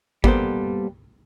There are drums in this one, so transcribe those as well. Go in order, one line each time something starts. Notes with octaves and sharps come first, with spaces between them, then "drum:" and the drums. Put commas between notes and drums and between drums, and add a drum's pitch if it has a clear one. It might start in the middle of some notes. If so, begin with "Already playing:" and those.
G3 A#3 B3 A4 C5, drum: kick G#1